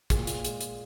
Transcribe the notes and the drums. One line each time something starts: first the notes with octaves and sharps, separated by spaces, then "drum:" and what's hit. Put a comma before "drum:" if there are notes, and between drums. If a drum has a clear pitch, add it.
A#2 G#4, drum: kick, hi-hat
A#2, drum: hi-hat
G#3, drum: hi-hat
G#3, drum: hi-hat